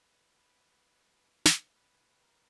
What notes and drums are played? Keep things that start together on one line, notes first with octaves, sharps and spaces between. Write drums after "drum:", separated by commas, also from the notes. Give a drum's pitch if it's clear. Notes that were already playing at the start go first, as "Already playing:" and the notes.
Already playing: B4
B4
drum: snare
B4
A#4